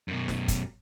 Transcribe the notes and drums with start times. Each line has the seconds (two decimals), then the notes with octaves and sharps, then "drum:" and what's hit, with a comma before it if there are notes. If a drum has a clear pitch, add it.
0.08 F#2 B2
0.28 drum: snare
0.48 drum: kick, hi-hat